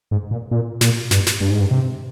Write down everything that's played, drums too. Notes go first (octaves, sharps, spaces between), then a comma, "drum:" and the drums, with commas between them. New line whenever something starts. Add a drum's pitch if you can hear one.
G#2
A#2
A#2
A#2, drum: snare
G2, drum: snare
drum: snare
G2
G#2
G2
C3